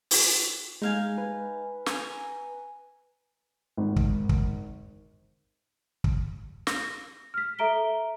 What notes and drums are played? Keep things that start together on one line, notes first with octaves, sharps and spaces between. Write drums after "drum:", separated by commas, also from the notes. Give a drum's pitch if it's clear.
drum: open hi-hat
G#3 D#4 F5 G#5
B4
G#5 A#5, drum: snare
G#1
drum: kick
drum: kick
drum: kick
A#6, drum: snare
F6 B6
A4 E5 A#5 D7 G7